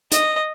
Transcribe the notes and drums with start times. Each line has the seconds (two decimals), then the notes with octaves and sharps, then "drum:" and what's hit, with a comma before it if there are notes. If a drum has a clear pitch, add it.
0.12 D#5, drum: hi-hat